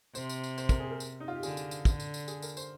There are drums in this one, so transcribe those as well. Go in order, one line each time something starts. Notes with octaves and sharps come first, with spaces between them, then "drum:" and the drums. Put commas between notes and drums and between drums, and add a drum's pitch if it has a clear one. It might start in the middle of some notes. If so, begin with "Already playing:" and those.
C3 C5, drum: tambourine
drum: tambourine
drum: tambourine
C5, drum: tambourine
A#4, drum: kick, tambourine
G#4
A#4
drum: tambourine
D#4
F4
G4
D3 G#4, drum: tambourine
drum: tambourine
drum: tambourine
D3, drum: kick, tambourine
drum: tambourine
drum: tambourine
G#4, drum: tambourine
A#4, drum: tambourine
C5, drum: tambourine